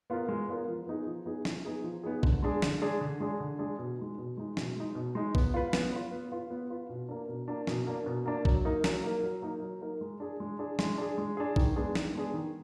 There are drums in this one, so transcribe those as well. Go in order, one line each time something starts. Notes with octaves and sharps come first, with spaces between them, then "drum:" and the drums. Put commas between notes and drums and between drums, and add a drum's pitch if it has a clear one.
B3 F4 A#4
G#3
B3 F4 A#4
F3
B3 D#4 G#4
F3
B3 D#4 G#4
F3, drum: snare
B3 D#4 G#4
F3
B3 D#4 G#4
D3, drum: kick
G#3 D4 G#4
D3, drum: snare
G#3 D4 G#4
D3
G#3 D4 G#4
D3
G#3 D4 G#4
B2
G#3 D#4
B2
G#3 D#4
B2, drum: snare
G#3 D#4
B2
G#3 D#4
B3, drum: kick
F4 B4
B3, drum: snare
F4 B4
B3
F4 B4
B3
F4 B4
B2
A#3 D4
B2
A#3 D4
B2, drum: snare
A#3 D4
B2
A#3 D4
F#3, drum: kick
A#3 D#4 A#4
F#3, drum: snare
A#3 D#4 A#4
F#3
A#3 D#4 A#4
F#3
A#3 D#4 A#4
G#3
D4 G#4
G#3
D4 G#4
G#3, drum: snare
D4 G#4
G#3
D4 G#4
D#3, drum: kick
G#3 B3 D4 G#4
D#3, drum: snare
G#3 B3 D4 G#4
D#3